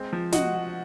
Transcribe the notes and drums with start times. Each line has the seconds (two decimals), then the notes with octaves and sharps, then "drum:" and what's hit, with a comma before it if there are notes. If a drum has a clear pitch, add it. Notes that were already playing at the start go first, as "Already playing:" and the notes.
Already playing: G#3 C4
0.13 F3
0.32 F#4 D#5 F#5, drum: snare
0.53 F#4